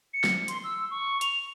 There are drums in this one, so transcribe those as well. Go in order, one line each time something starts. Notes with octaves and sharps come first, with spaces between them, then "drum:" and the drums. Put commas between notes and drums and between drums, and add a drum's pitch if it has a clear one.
C#7
drum: snare
C6, drum: hi-hat
E6
C#6
F7, drum: hi-hat